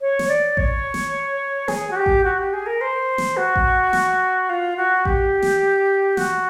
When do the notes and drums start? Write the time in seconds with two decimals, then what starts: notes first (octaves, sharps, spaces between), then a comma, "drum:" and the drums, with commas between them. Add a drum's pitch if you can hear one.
0.01 C#5
0.19 drum: snare
0.28 D5
0.57 C#5, drum: kick A1
0.94 drum: snare
1.68 G#4, drum: snare
1.91 F#4
1.96 G4
2.06 drum: kick A1
2.24 F#4
2.38 G4
2.53 G#4
2.66 A#4
2.81 C5
3.18 drum: snare
3.37 F#4
3.56 drum: kick A1
3.93 drum: snare
4.49 F4
4.77 F#4
5.05 G4, drum: kick A1
5.42 drum: snare
6.17 F#4, drum: snare